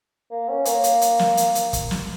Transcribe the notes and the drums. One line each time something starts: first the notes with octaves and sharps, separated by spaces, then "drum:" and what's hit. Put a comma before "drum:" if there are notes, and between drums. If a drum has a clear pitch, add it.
A#3
C#4
A#3, drum: hi-hat
drum: hi-hat
drum: hi-hat
drum: snare
drum: hi-hat
drum: hi-hat
drum: kick, hi-hat
drum: snare